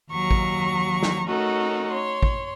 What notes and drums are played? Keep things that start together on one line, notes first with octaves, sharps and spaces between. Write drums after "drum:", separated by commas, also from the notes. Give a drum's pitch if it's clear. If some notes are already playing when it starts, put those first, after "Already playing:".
D#2 F#3 A#5 C#6
drum: kick
drum: snare
A3 C#4 D#4 F#4 A4 A#4
C#5 C6
drum: kick